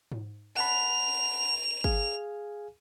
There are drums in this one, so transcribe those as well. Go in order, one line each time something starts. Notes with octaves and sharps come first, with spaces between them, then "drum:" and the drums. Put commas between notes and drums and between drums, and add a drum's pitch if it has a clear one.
drum: tom G#2
F#5 A5 B5 F7
G#4 F5 G#5, drum: kick